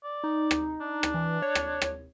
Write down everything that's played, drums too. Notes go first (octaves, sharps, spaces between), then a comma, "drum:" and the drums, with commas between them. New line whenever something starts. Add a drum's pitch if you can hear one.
D5
D#4
drum: rim click
D4
drum: rim click
E3
C#5
drum: rim click
drum: rim click